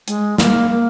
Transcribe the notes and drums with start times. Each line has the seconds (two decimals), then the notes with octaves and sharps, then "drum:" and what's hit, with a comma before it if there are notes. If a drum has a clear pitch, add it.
0.08 G#3, drum: hi-hat
0.38 A#3, drum: snare
0.70 A#3